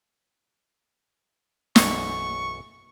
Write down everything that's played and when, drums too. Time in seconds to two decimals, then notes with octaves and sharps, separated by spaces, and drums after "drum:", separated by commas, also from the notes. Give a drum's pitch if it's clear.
1.76 B1 F#2 E3 C#6, drum: snare